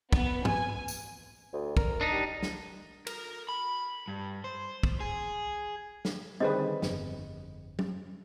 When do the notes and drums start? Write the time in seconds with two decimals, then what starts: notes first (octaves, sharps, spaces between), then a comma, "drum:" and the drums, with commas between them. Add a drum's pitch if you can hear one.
0.13 B3, drum: kick
0.45 G#5, drum: tom
0.88 drum: tambourine
1.53 D2
1.77 A#4, drum: kick
2.01 D4 D#4
2.12 G3
2.43 drum: snare
3.07 A#4, drum: cymbal
3.49 B5
4.08 G2
4.44 C5
4.83 drum: kick
5.00 G#4
6.05 drum: snare
6.40 D3 D#3 G3 C4 G#4 B4 D#5
6.82 G1 F2, drum: snare
7.79 drum: tom